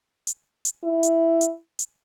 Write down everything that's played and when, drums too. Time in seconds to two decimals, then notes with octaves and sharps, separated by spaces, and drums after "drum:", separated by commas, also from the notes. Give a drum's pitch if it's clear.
0.27 drum: hi-hat
0.65 drum: hi-hat
0.84 E4
1.03 drum: hi-hat
1.41 drum: hi-hat
1.79 drum: hi-hat